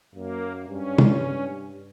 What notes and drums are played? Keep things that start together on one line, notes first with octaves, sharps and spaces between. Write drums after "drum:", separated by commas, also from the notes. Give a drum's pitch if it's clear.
F#2 A#3
G2 C#4
drum: tom C3
G2